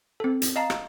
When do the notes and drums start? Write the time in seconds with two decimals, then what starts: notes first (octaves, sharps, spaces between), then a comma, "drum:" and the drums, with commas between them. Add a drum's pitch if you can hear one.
0.20 C4 A4
0.42 drum: hi-hat
0.56 D#5 F5 A5 A#5
0.70 drum: rim click